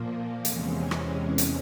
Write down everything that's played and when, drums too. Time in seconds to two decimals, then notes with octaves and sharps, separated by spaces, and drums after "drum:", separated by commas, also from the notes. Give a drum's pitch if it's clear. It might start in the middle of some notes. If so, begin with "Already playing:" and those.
Already playing: A#2 F3 A#3
0.45 E2 C3 E3 G#3 C#4, drum: hi-hat
0.91 drum: rim click
1.38 drum: hi-hat